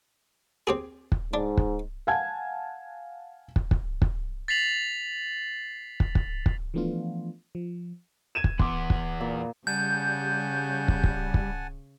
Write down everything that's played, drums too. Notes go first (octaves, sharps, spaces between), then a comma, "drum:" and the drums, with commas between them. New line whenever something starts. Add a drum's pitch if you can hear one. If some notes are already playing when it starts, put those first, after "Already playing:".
C4 G4 G#4
drum: kick
G#2 D4
drum: kick
F5 F#5 G#5 A5 G#6
drum: kick
drum: kick
drum: kick
A6 B6 C7 F7 F#7
drum: kick
drum: kick
drum: kick
E3 F3 A3 B3 D4 F4
F3
G#6 D#7 E7
drum: kick
E2 B3 C6 D6, drum: kick
drum: kick
A#2
C#3 G3 F#5 G#5 A5 G6
drum: kick
drum: kick
drum: kick